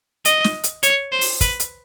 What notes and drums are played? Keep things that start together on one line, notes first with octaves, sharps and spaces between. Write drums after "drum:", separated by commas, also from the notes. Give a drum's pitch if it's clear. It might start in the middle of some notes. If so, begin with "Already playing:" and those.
D#5, drum: hi-hat
drum: snare
drum: hi-hat
C#5, drum: hi-hat
C5
drum: open hi-hat
B4, drum: kick, hi-hat
drum: hi-hat